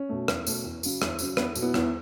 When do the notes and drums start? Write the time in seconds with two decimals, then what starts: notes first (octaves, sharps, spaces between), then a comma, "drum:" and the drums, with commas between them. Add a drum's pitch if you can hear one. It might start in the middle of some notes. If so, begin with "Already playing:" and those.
Already playing: C#4
0.09 B2 A3
0.28 E2, drum: rim click
0.47 B2 A3, drum: tambourine
0.64 E2
0.83 C#3 F#3, drum: tambourine
1.02 E2, drum: rim click
1.19 C#3 F#3, drum: tambourine
1.37 E2 B3, drum: rim click
1.55 B2 F#3, drum: tambourine
1.62 B3 E4
1.74 E2 B3 E4, drum: rim click